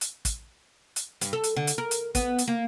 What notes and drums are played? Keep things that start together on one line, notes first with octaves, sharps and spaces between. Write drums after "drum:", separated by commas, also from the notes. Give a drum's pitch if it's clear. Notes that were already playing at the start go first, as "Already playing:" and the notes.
drum: hi-hat
drum: kick, hi-hat
drum: hi-hat
G2, drum: hi-hat
A4
drum: hi-hat
D3
drum: hi-hat
A#4
drum: hi-hat
B3, drum: kick, hi-hat
drum: hi-hat
A#3